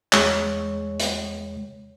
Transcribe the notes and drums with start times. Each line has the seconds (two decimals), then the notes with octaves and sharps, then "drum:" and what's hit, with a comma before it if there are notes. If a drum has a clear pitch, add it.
0.13 E2 G#3 C#5, drum: clap
1.00 drum: hi-hat